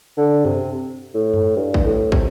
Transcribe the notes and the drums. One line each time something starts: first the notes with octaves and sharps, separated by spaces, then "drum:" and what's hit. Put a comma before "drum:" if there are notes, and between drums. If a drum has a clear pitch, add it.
D3
C3, drum: tom F#2
A2
drum: tom F#2
G2
drum: kick
A2
C3, drum: kick